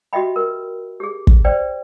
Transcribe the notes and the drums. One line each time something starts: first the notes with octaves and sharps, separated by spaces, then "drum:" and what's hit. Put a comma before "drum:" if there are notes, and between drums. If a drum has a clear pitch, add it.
F#4 G4 D#5 E5 G5 B5
A#4 B4
G4 G#4
drum: kick
B4 C5 D5 G5